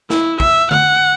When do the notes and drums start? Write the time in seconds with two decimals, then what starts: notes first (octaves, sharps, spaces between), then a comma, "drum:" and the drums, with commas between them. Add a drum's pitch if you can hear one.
0.10 E4, drum: snare
0.40 E5, drum: kick
0.71 F#5, drum: tom D3